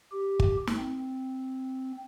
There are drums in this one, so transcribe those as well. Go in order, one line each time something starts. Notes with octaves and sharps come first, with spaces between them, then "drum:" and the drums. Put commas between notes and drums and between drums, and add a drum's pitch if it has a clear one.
G4
drum: kick
drum: snare
C4